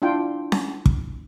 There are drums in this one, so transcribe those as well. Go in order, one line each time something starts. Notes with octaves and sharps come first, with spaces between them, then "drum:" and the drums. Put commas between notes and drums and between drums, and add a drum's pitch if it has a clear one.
D4 E4 F4 G5
drum: snare C#4
drum: kick